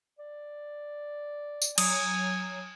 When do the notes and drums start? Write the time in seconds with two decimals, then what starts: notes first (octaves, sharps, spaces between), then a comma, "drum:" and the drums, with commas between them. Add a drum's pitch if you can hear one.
0.19 D5
1.62 drum: tambourine
1.78 F#3 G#5 D#6, drum: cymbal